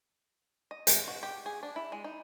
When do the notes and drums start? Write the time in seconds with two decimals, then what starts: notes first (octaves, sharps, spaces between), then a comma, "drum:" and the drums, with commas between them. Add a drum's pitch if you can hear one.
0.71 D#5
0.87 G#3, drum: hi-hat
1.08 F#4
1.23 G4
1.46 G#4
1.63 D4
1.76 E4
1.92 G#3
2.04 D#4